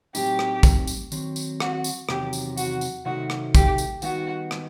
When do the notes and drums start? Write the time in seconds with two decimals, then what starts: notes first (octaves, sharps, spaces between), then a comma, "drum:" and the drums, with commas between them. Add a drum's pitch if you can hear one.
0.15 A2 F#3 C4 D#4 G4, drum: tambourine
0.39 drum: rim click
0.63 drum: kick, tambourine
0.87 drum: tambourine
1.12 D#3 F#3 C4, drum: tambourine
1.36 drum: tambourine
1.60 F#4, drum: rim click
1.84 drum: tambourine
2.09 E2 C3 D#3 F#3 G4, drum: rim click
2.33 drum: tambourine
2.57 F#4, drum: tambourine
2.81 drum: tambourine
3.06 C3 D#3 F#3 A3 D#4 F#4
3.30 drum: rim click
3.55 G4, drum: kick, tambourine
3.78 drum: tambourine
4.02 D#3 G3 B3 D#4 F#4, drum: tambourine
4.51 drum: rim click